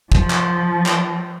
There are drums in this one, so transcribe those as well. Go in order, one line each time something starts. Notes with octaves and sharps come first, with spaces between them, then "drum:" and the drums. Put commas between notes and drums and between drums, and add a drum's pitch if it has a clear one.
F3, drum: kick
drum: clap
drum: clap